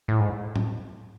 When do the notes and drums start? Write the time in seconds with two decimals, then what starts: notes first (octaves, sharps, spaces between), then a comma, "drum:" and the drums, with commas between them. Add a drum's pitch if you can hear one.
0.08 A2
0.20 G#2
0.56 drum: tom A2